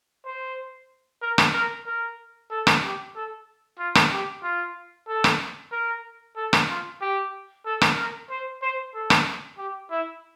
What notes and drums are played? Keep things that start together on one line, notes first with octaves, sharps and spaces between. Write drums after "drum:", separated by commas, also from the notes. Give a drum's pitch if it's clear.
C5
A#4
drum: rim click
A#4
A#4
A4
drum: rim click
G4
A4
F4
drum: rim click
G4
F4
A4
drum: rim click
A#4
A4
drum: rim click
F4
G4
A4
drum: rim click
A#4
C5
C5
A4
drum: rim click
G4
E4